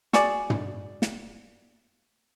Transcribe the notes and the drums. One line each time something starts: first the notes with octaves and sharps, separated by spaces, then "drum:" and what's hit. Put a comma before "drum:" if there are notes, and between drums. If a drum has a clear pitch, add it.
F#4 G#4 D5, drum: snare
drum: tom
drum: snare